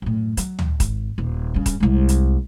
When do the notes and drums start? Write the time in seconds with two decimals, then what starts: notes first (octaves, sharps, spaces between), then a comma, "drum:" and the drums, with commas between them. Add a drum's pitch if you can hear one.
0.02 F#2 A2
0.37 F#3, drum: hi-hat
0.59 drum: tom
0.80 G#1, drum: kick D#1, hi-hat
1.18 D#1
1.54 G2 C#3
1.66 drum: kick D#1, hi-hat
1.80 C2 G#3
2.09 drum: hi-hat